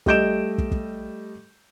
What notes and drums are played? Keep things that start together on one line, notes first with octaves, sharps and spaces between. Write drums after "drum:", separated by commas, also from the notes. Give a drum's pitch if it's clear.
G3 A3 D#5 G6 D7 E7, drum: kick
drum: kick
drum: kick